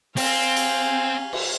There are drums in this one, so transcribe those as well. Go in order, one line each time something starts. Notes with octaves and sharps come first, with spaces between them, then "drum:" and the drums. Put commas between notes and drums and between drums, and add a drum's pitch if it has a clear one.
C4 F5 G#5, drum: open hi-hat
drum: cymbal
drum: cymbal